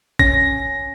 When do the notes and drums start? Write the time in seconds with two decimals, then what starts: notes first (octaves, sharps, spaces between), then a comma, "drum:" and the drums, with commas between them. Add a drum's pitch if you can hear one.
0.19 C#4 A#6, drum: kick A1